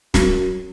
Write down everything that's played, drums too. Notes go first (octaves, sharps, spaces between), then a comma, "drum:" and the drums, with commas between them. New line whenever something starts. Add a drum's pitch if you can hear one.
F#2, drum: snare